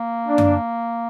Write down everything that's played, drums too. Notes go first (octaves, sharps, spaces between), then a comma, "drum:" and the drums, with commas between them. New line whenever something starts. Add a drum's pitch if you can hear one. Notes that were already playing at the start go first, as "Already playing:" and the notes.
Already playing: A#3
D4
drum: tom F#2